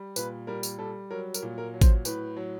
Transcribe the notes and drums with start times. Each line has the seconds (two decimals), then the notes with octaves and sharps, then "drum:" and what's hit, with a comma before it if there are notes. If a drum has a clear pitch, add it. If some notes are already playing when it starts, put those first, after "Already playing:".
Already playing: G3
0.16 A#2 B4, drum: tambourine
0.47 G3 A#4
0.63 drum: tambourine
0.78 G3 A4
1.11 F#3 A#4
1.34 A#4, drum: tambourine
1.42 A#2
1.58 A#4
1.74 F#3
1.81 C5, drum: kick G#1, tambourine
2.05 A2 B4, drum: tambourine
2.36 F#3